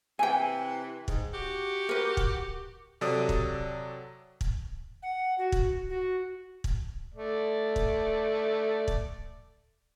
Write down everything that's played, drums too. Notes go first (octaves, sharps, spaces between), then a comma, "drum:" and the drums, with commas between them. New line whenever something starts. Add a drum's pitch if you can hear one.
C3 E3 G5 G#5
G#2, drum: kick
F#4 G4
A#4 B4
drum: kick
C3 F#3 A4 D5 D#6
drum: kick
drum: kick
F#5
F#4
drum: kick
F#4
drum: kick
A3 D5
drum: kick
drum: kick